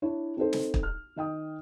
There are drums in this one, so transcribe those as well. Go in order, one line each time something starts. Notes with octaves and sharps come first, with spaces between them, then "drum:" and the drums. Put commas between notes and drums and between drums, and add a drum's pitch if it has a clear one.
D4 E4 C#5
C4 D#4 A4 C5
drum: snare
drum: kick
F6
D#3 D#5 G5 D#6